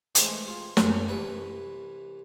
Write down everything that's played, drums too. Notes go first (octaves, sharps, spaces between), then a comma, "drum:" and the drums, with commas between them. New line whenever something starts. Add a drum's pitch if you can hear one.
E3 G#3 A3 C4, drum: hi-hat
F4
F#2 F#3 A3 C#4 F#5, drum: snare
C2 E3 B4 B5